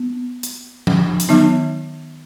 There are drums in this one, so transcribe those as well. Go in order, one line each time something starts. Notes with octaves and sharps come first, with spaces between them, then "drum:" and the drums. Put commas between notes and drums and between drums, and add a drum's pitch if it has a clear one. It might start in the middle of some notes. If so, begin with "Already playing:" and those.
Already playing: B3
drum: hi-hat
drum: tom F3
drum: hi-hat
D#3 F#3 B3 D#4